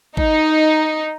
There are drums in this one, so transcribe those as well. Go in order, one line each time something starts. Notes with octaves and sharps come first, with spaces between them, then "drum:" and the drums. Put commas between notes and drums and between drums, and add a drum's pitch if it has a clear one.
D#4, drum: kick